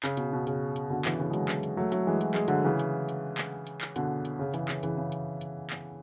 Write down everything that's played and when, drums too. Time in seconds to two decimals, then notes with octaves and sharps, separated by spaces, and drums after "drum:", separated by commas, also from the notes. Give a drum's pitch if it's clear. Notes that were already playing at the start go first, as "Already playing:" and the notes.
0.03 C#3, drum: clap
0.17 B2, drum: hi-hat
0.33 B2
0.47 C#3, drum: hi-hat
0.76 drum: hi-hat
0.90 B2 D3
1.05 C#3 E3, drum: clap
1.19 C#3 E3
1.30 G#3
1.33 D3 F#3, drum: hi-hat
1.49 drum: clap
1.63 drum: hi-hat
1.77 F#3 A3
1.92 F#3 A3, drum: hi-hat
2.07 E3 G#3
2.21 F#3, drum: hi-hat
2.34 G#3, drum: clap
2.48 D3 F#3, drum: hi-hat
2.64 C#3 E3
2.79 drum: hi-hat
3.09 drum: hi-hat
3.38 drum: clap
3.67 drum: hi-hat
3.81 drum: clap
3.96 B2 D3, drum: hi-hat
4.25 drum: hi-hat
4.39 C#3
4.54 C#3 E3, drum: hi-hat
4.69 C#3, drum: clap
4.83 C#3 E3, drum: hi-hat
4.97 C#3
5.12 drum: hi-hat
5.41 drum: hi-hat
5.70 drum: clap